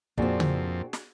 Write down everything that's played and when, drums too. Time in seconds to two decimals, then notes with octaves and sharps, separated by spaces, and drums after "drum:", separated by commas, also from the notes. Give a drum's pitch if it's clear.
0.18 F2 A#2 C4 D4 F#4 G#4, drum: kick
0.40 drum: tom C#3
0.93 drum: snare